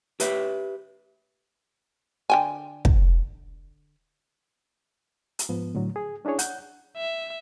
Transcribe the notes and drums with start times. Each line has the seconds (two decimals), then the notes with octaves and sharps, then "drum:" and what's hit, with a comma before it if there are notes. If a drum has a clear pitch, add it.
0.20 G4 B4 E5, drum: hi-hat
2.30 D3 G5 G#5
2.85 drum: kick
5.39 drum: hi-hat
5.49 G#2 F3 B3
5.75 A2 D3 F#3
5.96 G#4
6.25 C#4 D4 E4 G#4 C#5
6.39 F#5 G6, drum: hi-hat
6.97 E5